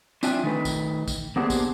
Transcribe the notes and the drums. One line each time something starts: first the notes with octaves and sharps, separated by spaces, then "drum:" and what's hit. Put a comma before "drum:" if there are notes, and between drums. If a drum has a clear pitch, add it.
C4 D4 F4 E5 G5 G#5, drum: tambourine
D#3 A3 B4
drum: kick, tambourine
drum: kick, tambourine
A#3 B3 D4 G4 G#4 C5
drum: kick, tambourine